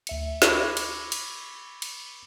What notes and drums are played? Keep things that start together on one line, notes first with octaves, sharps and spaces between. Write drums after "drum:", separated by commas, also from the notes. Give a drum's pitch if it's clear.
D2 E5 C#7, drum: cymbal
B5 C#6 D6 E6 G#6 A#6, drum: snare
drum: cymbal
drum: cymbal
drum: cymbal